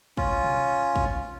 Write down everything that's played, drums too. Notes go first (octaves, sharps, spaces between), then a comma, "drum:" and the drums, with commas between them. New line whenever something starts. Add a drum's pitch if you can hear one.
C#4 F4, drum: kick
drum: tom
drum: kick